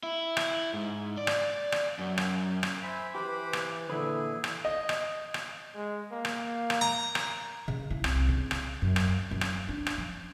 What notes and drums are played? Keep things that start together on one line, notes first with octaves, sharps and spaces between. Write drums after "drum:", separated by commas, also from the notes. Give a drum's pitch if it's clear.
E4
drum: rim click
G#2
D5
drum: rim click
drum: rim click
F#2
drum: rim click
drum: rim click
C5 E5 G#5 B5
E3 G4 B4 C5 B5 D6
drum: rim click
A#2 D3 E3 E4 G#4 B4
drum: rim click
D#5
drum: rim click
drum: rim click
G#3
A#3
drum: rim click
drum: rim click
A#5
drum: rim click
C#3
E4
C2, drum: rim click
C#3
drum: rim click
F#2
drum: rim click
F#2
drum: rim click
D4
drum: rim click
F3